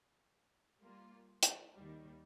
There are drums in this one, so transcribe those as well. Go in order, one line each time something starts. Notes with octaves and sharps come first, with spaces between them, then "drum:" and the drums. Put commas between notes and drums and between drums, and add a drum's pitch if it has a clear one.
G3 A#3 F4
drum: hi-hat
D#2 D#3 G3